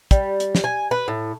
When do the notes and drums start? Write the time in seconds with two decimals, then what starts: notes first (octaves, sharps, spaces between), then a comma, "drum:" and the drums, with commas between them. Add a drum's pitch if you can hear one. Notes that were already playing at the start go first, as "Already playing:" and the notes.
0.11 G3, drum: kick, hi-hat
0.40 drum: hi-hat
0.55 drum: snare
0.64 G#5
0.91 B4
1.08 A2